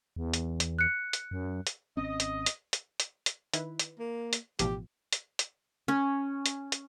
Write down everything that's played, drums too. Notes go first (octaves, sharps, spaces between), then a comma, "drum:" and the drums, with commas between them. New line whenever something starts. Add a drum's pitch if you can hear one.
E2
drum: hi-hat
drum: hi-hat
F#6 C#7
drum: hi-hat
F#2
drum: hi-hat
G#1 C4 C#4 D#5
drum: hi-hat
drum: hi-hat
drum: hi-hat
drum: hi-hat
drum: hi-hat
D#3 E4 B4, drum: hi-hat
drum: hi-hat
A#3
drum: hi-hat
A1 B2 F3 G4, drum: hi-hat
drum: hi-hat
drum: hi-hat
C#4
drum: hi-hat
drum: hi-hat